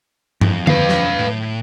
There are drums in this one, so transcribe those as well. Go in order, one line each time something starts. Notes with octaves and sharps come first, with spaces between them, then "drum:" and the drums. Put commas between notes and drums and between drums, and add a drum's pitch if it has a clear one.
F2, drum: tom G2
B4 F5, drum: tom D3
drum: snare
A2